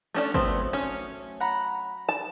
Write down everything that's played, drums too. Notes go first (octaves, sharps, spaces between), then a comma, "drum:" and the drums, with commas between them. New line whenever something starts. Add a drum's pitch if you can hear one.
A3 C#4 D4
F#3 A3 B3 C4, drum: kick
C#4, drum: cymbal
F#5 A#5 B5
A5